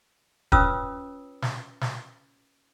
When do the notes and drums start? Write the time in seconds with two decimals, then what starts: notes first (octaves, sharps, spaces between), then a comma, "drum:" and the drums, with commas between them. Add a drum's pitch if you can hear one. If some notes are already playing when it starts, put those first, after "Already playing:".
0.52 C#4 F4 B4 C#5 D#6 E6, drum: kick
1.42 drum: snare
1.81 drum: snare